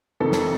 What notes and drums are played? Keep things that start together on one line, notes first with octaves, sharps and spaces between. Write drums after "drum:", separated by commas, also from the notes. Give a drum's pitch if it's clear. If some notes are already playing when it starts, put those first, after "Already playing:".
F2 C3 D#3 A4
drum: snare